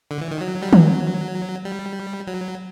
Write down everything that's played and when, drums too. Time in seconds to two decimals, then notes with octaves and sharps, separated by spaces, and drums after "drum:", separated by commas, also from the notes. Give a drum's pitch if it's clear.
0.11 D3
0.21 E3
0.31 D#3
0.41 F#3
0.62 G3
0.73 F#3, drum: tom D#3
1.65 G3
2.27 F#3